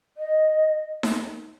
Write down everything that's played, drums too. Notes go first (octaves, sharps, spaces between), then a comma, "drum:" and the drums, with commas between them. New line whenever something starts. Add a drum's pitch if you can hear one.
D#5
drum: snare D#4